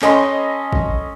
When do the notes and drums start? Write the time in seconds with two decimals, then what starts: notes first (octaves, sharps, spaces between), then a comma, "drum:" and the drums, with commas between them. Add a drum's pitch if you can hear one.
0.02 C#4 A4 D#5 G#5 B5 C6, drum: clap
0.73 drum: kick